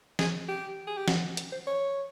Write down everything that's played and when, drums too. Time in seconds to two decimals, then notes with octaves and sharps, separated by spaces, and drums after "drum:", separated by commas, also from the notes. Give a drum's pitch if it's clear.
0.19 G#4, drum: snare
0.48 G4
0.87 G#4
0.97 G4
1.08 F#4, drum: snare
1.37 drum: hi-hat
1.52 C5
1.67 C#5